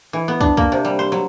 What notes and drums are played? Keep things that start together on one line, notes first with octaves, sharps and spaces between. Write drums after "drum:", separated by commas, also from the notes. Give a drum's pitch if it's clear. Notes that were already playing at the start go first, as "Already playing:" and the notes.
E3
B3
D4, drum: kick
A#3, drum: kick
C3
G3
C5
F#3